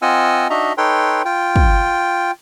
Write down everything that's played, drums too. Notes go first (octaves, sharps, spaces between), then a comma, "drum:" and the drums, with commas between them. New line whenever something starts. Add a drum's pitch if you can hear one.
C4 F4 D#5 F#5 G#5 E6
D4 D#4 F#4 D#5 E5 A#5
D#4 A4 B4 C#5 G5 C6
F4 G5
drum: kick